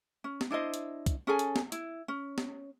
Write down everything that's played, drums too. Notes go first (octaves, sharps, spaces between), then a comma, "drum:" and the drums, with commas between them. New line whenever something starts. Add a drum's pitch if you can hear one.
C#4
drum: snare
D4 E4 C5 D#5
drum: hi-hat
drum: kick, hi-hat
C#4 G#4 A4 G#5
drum: hi-hat
drum: snare
E4, drum: hi-hat
C#4
drum: snare